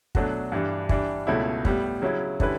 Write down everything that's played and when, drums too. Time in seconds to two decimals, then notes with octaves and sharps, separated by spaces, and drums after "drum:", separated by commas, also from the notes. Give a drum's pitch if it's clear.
0.15 B2 F#3 A3 D4 F#4, drum: kick
0.52 G2 E3 G3 D4
0.89 E3 G3 D4, drum: kick
1.27 C#2 B2 A3 C#4 E4
1.65 A2 G3 B3, drum: kick
2.02 C#3 F#3 C#4 E4
2.40 D3 G3 C#4 E4 B4, drum: kick